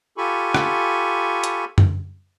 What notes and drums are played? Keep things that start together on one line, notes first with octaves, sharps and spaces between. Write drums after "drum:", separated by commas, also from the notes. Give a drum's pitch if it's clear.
F4 G4 A4 G#5 B5 C#6
drum: rim click
drum: hi-hat
drum: tom F#2